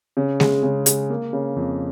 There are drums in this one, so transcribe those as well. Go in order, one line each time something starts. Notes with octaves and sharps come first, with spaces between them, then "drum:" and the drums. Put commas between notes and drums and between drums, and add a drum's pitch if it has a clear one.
C#3
G#3, drum: snare G#3
C#3
G#3, drum: hi-hat
A#3
C#3
F2